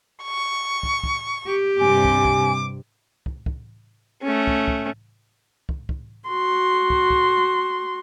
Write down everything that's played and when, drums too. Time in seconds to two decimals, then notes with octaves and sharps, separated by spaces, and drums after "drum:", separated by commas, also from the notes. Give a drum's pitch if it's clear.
0.24 C#6
0.83 drum: kick
1.03 drum: kick
1.47 G4
1.80 G2 C3 G#5 D6
2.05 drum: kick
2.25 drum: kick
3.26 drum: kick
3.46 drum: kick
4.22 A3 C#4
4.47 drum: kick
4.68 drum: kick
5.69 drum: kick
5.89 drum: kick
6.29 F#4 C6
6.90 drum: kick
7.10 drum: kick